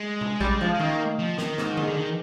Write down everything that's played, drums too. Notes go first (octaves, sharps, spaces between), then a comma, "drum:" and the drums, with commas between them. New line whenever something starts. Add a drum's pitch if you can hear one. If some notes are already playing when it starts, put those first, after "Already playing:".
Already playing: G#3
drum: tom B2
G3, drum: kick A#1
F3
G#3
D#3 A#3
F3
D#3, drum: snare
G#2, drum: snare
drum: tom D3
D3
D#3